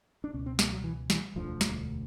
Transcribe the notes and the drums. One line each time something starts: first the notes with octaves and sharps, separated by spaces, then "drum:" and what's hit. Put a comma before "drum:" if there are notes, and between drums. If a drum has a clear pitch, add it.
D4
C#2 B2 C#4
C4
A#3, drum: snare
F#3
E3
E3, drum: snare
E1 D2 D3 F3
drum: snare